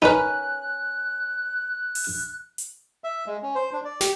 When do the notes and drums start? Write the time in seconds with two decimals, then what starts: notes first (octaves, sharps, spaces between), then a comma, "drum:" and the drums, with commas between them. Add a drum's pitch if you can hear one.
0.02 C#4 D#4 A#4 B4 B5 F#6
1.95 drum: open hi-hat
2.58 drum: hi-hat
3.04 E5
3.26 G#3
3.43 C#4
3.55 C5
3.73 D4
3.85 D5
4.01 G4, drum: snare